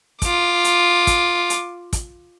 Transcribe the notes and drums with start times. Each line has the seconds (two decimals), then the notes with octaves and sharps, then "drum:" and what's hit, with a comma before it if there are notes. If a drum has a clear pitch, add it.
0.22 F4 D6, drum: kick, hi-hat
0.64 drum: hi-hat
1.07 drum: kick, hi-hat
1.50 drum: hi-hat
1.93 drum: kick, hi-hat